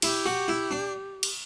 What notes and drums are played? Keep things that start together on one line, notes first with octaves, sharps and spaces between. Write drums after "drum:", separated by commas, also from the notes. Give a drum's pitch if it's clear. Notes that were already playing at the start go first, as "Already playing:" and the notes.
E4 G4, drum: cymbal
F#4
E4
D4
drum: cymbal